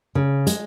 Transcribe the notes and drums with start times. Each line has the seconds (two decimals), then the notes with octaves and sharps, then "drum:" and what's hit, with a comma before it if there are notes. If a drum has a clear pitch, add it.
0.15 C#3
0.47 G#3, drum: hi-hat